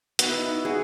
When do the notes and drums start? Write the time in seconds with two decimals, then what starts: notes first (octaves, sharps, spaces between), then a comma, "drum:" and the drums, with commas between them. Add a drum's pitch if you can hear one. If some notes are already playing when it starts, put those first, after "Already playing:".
0.19 B3 F#4, drum: hi-hat
0.29 E4
0.37 D#4
0.47 E4
0.65 F#4 G#4